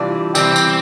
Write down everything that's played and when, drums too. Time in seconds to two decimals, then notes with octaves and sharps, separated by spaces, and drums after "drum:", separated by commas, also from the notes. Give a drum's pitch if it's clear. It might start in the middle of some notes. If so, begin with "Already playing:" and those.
Already playing: C3 E3 G3 D4 F4
0.35 C3 E3 G3 C4, drum: tambourine
0.56 drum: tambourine